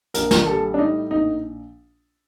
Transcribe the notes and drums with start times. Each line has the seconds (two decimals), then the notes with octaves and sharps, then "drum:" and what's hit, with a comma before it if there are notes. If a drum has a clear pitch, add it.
0.14 A#1 A#4, drum: hi-hat
0.31 A#4, drum: snare
0.46 G3 A4
0.74 D4
0.78 A2 D#4
1.11 A#1 D#4